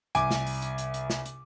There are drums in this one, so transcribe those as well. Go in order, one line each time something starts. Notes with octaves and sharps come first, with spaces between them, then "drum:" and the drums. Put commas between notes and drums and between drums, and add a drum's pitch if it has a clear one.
C2 G#5 D6, drum: hi-hat
drum: snare
drum: open hi-hat
drum: hi-hat
drum: hi-hat
drum: hi-hat
drum: snare
drum: hi-hat